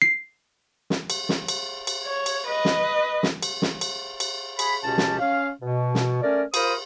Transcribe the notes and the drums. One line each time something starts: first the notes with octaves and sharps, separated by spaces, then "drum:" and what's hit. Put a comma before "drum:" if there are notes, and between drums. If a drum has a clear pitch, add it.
C7
drum: snare
drum: cymbal
drum: snare
drum: cymbal
drum: cymbal
C#5
drum: cymbal
B4 D#5
drum: snare
drum: snare
drum: cymbal
drum: snare
drum: cymbal
drum: cymbal
G#4 B5, drum: cymbal
C#2 B2 C#4 G4 A5
drum: snare
C#4 F5
B2
drum: snare
A3 C#4 A#4 D5
F4 A#4 C5 B5 D#6, drum: cymbal